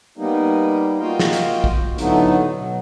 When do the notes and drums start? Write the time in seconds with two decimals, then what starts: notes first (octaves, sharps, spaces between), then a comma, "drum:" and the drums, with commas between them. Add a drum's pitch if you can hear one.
0.18 G3 A#3 B3 D#4
1.00 A#3 F4 F#4 D#5 F5 G5
1.19 drum: snare
1.33 drum: hi-hat
1.64 drum: kick
1.98 A2 D3 F#3 A3 B3 D#4, drum: hi-hat
2.52 B2 F#3